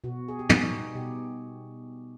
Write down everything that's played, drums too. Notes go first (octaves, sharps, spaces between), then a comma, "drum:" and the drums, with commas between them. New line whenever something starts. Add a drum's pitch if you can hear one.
B2 F#4
G#4
G4
G3 B3 D#4 F#4, drum: tom
B2 G4